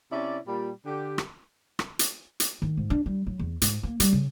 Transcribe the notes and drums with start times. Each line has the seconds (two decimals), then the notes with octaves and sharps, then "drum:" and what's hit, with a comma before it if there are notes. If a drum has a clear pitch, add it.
0.12 C3 C#4 E4 D5
0.47 A#2 G3
0.86 D3 G4
1.18 drum: rim click
1.79 drum: rim click
1.99 drum: hi-hat
2.40 drum: hi-hat
2.62 D#3
2.77 G#2
2.90 D4
3.06 G3
3.27 F#3
3.39 E2
3.62 G#2, drum: hi-hat
3.83 A#3
4.00 G3, drum: hi-hat
4.13 C#3